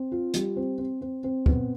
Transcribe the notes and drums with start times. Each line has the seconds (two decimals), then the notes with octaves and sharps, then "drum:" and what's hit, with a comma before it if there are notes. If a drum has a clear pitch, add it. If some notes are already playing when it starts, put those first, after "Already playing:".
Already playing: C4
0.12 F4
0.34 G3, drum: hi-hat
0.56 C4
0.78 C4
1.01 C4
1.24 C4
1.46 B3, drum: kick